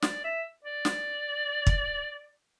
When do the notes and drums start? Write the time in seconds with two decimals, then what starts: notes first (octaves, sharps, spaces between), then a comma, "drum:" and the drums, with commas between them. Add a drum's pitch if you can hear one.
0.02 D5, drum: snare
0.24 E5
0.64 D5
0.85 drum: snare
1.67 drum: kick